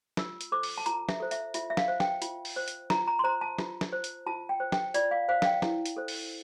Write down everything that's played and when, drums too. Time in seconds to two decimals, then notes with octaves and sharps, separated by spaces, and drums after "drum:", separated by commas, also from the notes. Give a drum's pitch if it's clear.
0.17 F4 E6, drum: snare
0.41 drum: hi-hat
0.52 A4 C5 D6
0.63 drum: open hi-hat
0.78 A5
0.86 F4 A#5, drum: hi-hat
1.09 E5, drum: snare
1.20 A4 C5
1.31 E5, drum: hi-hat
1.54 F4 E5, drum: hi-hat
1.70 E5
1.77 F5, drum: snare
1.88 C5
2.00 G5, drum: snare
2.22 F4, drum: hi-hat
2.45 drum: open hi-hat
2.56 C5
2.68 drum: hi-hat
2.90 F4 A#5, drum: snare
3.08 A#5
3.19 C6
3.24 C5 A#5
3.41 A5
3.59 F4, drum: snare
3.81 drum: snare
3.93 C5
4.04 drum: hi-hat
4.26 F4 A5
4.49 G5
4.60 C5
4.72 G5, drum: snare
4.94 F4 D5, drum: hi-hat
5.11 F5
5.29 C5 F5
5.42 F5, drum: snare
5.45 G5
5.62 E4, drum: snare
5.86 drum: hi-hat
5.97 A4 C5
6.08 drum: open hi-hat